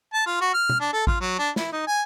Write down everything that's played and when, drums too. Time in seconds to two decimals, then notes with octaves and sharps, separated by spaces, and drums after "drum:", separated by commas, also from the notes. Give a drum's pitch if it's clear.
0.14 A5
0.26 F4
0.41 F#4
0.54 F6
0.69 drum: tom
0.80 D4
0.93 A4
1.07 F4, drum: kick A1
1.20 F#3
1.39 D4
1.56 E4, drum: snare
1.73 D#4
1.87 G#5